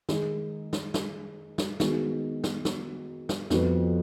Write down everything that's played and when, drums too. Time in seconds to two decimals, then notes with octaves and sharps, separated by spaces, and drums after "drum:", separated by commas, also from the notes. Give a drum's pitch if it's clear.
0.09 D#3 G#3 D#4 G#4, drum: snare
0.73 drum: snare
0.94 drum: snare
1.58 drum: snare
1.80 D#3 G#3 B3 F#4, drum: snare
2.44 drum: snare
2.65 drum: snare
3.29 drum: snare
3.50 F2 F3 B3 F#4 B4, drum: snare